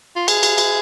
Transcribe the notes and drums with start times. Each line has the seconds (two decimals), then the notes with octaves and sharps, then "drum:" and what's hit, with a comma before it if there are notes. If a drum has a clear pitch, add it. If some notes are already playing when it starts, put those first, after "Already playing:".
0.16 F4
0.28 G#4, drum: cymbal
0.43 drum: cymbal
0.58 drum: cymbal